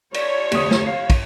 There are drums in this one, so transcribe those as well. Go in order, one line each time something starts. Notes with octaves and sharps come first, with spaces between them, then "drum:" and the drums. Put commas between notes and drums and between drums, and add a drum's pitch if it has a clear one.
C#5 D5, drum: cymbal
F1 D2 D#6, drum: cymbal
drum: snare
F5 C7
drum: kick, cymbal